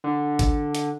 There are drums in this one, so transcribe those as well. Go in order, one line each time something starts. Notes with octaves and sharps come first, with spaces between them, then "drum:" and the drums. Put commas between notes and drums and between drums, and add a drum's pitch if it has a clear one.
D3
drum: kick, hi-hat
drum: hi-hat